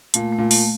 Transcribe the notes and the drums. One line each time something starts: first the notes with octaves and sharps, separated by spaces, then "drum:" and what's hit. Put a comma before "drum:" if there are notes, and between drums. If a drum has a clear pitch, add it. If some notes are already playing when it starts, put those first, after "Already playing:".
A#2 A3, drum: hi-hat
A3
A#2
A3, drum: open hi-hat